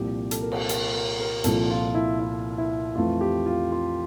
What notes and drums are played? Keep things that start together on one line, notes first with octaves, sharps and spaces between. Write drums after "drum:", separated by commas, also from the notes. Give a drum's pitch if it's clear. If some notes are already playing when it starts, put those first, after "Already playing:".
Already playing: C2 A#2 F3 G4
A4, drum: hi-hat
A#4
A4, drum: cymbal
A#4, drum: hi-hat
A#4
A#4
C2 A#2 F3 A4, drum: hi-hat
F4
E4
E4
E4
F2 E3 A3 F4
G4
F4
F4